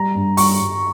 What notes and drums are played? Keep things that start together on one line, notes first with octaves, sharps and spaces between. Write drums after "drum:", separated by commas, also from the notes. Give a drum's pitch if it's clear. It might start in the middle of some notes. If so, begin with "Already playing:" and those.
Already playing: G3 A#5
G2
G3 C#6, drum: open hi-hat
G2